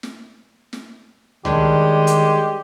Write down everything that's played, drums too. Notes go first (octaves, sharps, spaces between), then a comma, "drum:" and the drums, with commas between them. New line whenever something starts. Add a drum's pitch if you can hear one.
drum: snare
drum: snare
D#3 G3 G#3 D4 G4 C#5, drum: tom C#2
drum: hi-hat